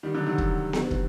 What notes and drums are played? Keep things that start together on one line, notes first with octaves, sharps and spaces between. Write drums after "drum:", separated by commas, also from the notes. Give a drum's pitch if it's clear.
D#3 G3
D3 F#3
C3 D#3
drum: kick
drum: snare B3
drum: kick